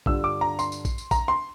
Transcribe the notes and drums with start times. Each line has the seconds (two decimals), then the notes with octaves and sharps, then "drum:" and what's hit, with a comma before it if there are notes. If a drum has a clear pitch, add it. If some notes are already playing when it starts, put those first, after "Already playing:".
0.06 G2 D3 G3 D4 F4 E6, drum: kick A#1
0.24 D6
0.41 A#5
0.59 C6, drum: tambourine
0.72 drum: tambourine
0.85 drum: kick A#1, tambourine
0.98 drum: tambourine
1.11 A#5, drum: kick A#1, tambourine
1.28 C6